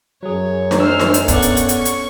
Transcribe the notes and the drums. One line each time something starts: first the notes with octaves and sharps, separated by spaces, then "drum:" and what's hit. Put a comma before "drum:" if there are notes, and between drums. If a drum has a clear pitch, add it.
F#2 F#3 G#4 C#5
drum: snare D4
C5 E6 F6
drum: snare D4
drum: hi-hat
B3 C#4 A4 D5 F#5 C#6, drum: kick D#1, hi-hat
drum: hi-hat
drum: hi-hat
C#6, drum: hi-hat
drum: hi-hat